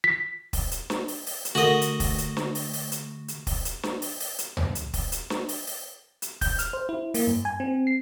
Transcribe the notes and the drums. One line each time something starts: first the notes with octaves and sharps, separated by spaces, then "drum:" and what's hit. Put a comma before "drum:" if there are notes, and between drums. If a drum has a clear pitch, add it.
B6
drum: kick, open hi-hat
drum: hi-hat
drum: snare
drum: open hi-hat
drum: open hi-hat
drum: hi-hat
D3 A3 F#4 A4 A#4 D#5 F#5
drum: hi-hat
drum: kick, open hi-hat
drum: hi-hat
drum: snare
drum: open hi-hat
drum: open hi-hat
drum: hi-hat
drum: hi-hat
drum: kick, open hi-hat
drum: hi-hat
drum: snare
drum: open hi-hat
drum: open hi-hat
drum: hi-hat
drum: tom
drum: hi-hat
drum: kick, open hi-hat
drum: hi-hat
drum: snare
drum: open hi-hat
drum: open hi-hat
drum: hi-hat
G6, drum: kick, open hi-hat
F6, drum: hi-hat
C5
E4
A#3, drum: open hi-hat
G2
G#5
C4
C7